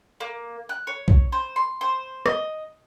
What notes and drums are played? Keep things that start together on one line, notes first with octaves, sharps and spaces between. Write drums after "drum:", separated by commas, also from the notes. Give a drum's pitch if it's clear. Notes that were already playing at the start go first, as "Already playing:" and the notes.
A#3
F#6
C#5
drum: kick
C5
C6
C5
D#5, drum: rim click